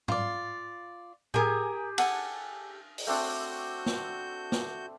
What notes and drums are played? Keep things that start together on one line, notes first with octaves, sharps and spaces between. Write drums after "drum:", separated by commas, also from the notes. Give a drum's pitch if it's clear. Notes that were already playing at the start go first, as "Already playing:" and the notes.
F4 D5, drum: tom G#2
G4 G#4 A#4 G#5, drum: tom A2
A4 F#5 G#5 A5, drum: cymbal
drum: open hi-hat
A3 C4 D4 F#4 G6
drum: snare
drum: snare